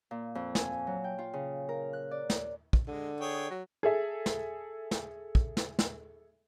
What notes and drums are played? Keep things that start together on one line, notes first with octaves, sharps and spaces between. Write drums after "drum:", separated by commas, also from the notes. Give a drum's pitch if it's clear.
A#2
F2
G#5, drum: snare
F#3
G5
F4
C#3
A#4
F#6
D5
drum: snare
drum: kick
D3 G#3
G#4 C#5 G5
F#3
G#4 A4 E5
drum: snare
drum: snare
drum: kick
drum: snare
drum: snare